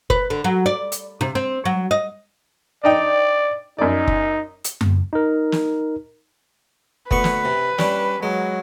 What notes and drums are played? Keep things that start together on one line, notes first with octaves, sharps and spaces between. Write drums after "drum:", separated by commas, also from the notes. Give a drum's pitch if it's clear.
B4, drum: kick F#1
D3
F#3
D5
drum: hi-hat
C3
C4
F#3
D#5
D4 D#4 D5 G5
F#2 D#4 D5
drum: kick F#1
drum: hi-hat
drum: tom F#2
D#4 A#4
drum: snare
D2 B3 B4 C#6, drum: kick F#1
drum: snare
C3
G3 C#4 D4, drum: snare
F#3 G#3